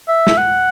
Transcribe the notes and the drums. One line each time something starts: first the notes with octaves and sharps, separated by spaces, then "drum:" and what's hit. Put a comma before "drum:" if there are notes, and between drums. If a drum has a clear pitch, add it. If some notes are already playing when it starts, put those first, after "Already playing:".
E5
drum: snare
F#5